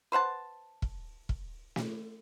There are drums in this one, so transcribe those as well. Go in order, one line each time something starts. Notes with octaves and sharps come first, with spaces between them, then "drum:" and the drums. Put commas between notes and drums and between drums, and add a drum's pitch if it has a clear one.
B4 C5 F#5 A5
drum: kick
drum: kick
drum: snare